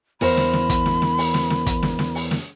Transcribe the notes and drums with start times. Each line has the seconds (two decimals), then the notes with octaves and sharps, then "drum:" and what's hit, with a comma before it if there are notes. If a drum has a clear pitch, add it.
0.21 E2 A#4 C5 B5, drum: open hi-hat
0.37 drum: snare
0.53 drum: snare
0.69 drum: kick, hi-hat
0.86 drum: snare
1.02 drum: snare
1.18 drum: open hi-hat
1.34 drum: snare
1.50 drum: snare
1.66 drum: kick, hi-hat
1.83 drum: snare
1.99 drum: snare
2.15 drum: open hi-hat
2.31 drum: snare